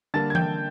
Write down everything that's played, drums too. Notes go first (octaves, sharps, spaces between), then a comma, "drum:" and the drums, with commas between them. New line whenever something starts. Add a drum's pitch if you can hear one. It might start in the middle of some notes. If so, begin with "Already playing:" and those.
D3 G3 A#3 A5 A6
G#6
G5 G6, drum: tom E3